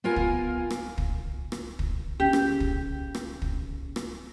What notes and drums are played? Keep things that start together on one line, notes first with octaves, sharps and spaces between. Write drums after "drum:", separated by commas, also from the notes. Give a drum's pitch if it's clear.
B3 F4 A#4 F5 G#5
drum: kick
drum: rim click
drum: kick
drum: rim click
drum: kick
C#3 G4
drum: rim click
drum: kick
drum: rim click
drum: kick
drum: rim click